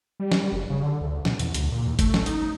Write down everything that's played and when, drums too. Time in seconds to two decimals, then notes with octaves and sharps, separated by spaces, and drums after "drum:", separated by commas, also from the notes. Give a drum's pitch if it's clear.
0.20 G3
0.32 drum: snare
0.52 F#1
0.70 C#3
0.83 D3
1.01 D2
1.25 B2, drum: snare
1.39 E2, drum: hi-hat
1.54 D2, drum: hi-hat
1.72 A#2
1.87 D#2
1.99 A3, drum: kick F#1, hi-hat
2.14 drum: snare
2.26 D#4, drum: hi-hat